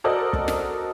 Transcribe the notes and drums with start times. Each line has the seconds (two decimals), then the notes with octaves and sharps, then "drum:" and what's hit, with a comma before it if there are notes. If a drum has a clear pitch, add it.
0.04 F#4 A4 A#4 C5 D5 D#5
0.33 drum: kick
0.48 drum: snare